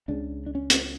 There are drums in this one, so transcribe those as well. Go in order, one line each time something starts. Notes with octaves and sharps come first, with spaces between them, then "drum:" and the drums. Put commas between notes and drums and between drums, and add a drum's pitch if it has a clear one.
C#2 C#3 D4
D4
C#4
drum: hi-hat